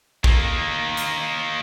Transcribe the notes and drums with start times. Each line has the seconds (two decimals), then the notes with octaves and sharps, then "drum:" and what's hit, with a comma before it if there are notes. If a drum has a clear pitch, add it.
0.24 D#3 A#3, drum: kick
0.97 drum: hi-hat